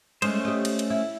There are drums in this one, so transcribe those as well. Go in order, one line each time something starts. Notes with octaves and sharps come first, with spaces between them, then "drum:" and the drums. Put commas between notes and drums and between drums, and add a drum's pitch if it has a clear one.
G#3 A3 C#4 C5 D#5, drum: cymbal
G4 D#5
drum: cymbal
drum: cymbal
E4